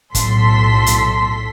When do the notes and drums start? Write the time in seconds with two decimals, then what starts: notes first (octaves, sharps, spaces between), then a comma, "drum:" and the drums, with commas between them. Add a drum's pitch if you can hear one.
0.15 B1 A2 A4 C6 B6, drum: kick, hi-hat
0.86 drum: hi-hat